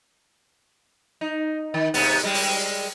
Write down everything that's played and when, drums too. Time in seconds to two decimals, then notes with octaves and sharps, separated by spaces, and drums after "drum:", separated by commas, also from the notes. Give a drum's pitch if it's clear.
1.21 D#4
1.74 D#3
1.94 G#2 C3 B3, drum: open hi-hat
2.24 G3 G#3
2.34 drum: open hi-hat